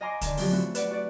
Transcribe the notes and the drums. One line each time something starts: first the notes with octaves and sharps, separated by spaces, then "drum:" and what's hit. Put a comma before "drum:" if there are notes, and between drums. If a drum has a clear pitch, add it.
D#5 F5 G#5 A#5 C6 D6
D3 D#3, drum: kick, hi-hat
F2 B2 F3 F#3 G4 F5, drum: open hi-hat
A3 C4 E4 F#4
B4 D5 F#5, drum: hi-hat
F#4 D5